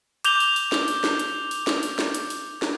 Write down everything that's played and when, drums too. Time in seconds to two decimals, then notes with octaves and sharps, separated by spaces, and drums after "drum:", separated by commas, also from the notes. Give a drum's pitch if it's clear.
0.24 D6 G6 F7 G7, drum: hi-hat
0.40 drum: open hi-hat
0.56 drum: open hi-hat
0.72 drum: snare
0.88 drum: open hi-hat
1.04 drum: snare
1.19 drum: hi-hat
1.51 drum: open hi-hat
1.67 drum: snare
1.83 drum: open hi-hat
1.99 drum: snare
2.14 drum: hi-hat
2.30 drum: open hi-hat
2.62 drum: snare